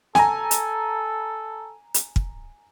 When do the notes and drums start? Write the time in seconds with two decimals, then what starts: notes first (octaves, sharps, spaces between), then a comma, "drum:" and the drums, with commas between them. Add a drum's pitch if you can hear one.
0.15 A4 G#5 A#5, drum: snare
0.51 drum: hi-hat
1.94 drum: hi-hat
2.16 drum: kick